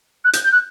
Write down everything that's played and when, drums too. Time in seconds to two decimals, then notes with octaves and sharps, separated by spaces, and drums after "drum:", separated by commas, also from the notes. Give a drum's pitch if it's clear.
0.25 F#6
0.33 G6, drum: hi-hat
0.44 G6
0.52 F#6